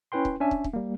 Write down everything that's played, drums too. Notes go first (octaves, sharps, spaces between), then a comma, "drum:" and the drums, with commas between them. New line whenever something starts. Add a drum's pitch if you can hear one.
C#4 E4 B4 G5 C6
drum: kick
C#4 D4 E5 G#5
drum: kick
drum: kick
G3 A#3